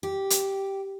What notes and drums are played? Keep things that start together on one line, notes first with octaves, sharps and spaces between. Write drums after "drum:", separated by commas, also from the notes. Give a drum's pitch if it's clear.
G4
drum: hi-hat